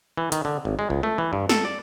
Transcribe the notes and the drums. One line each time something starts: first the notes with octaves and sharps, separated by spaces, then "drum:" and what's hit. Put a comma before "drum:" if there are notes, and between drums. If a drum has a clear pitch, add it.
E3
D#3, drum: hi-hat
D3
G#1
G#3
C#2
A3
E3
G2
A4, drum: snare
D5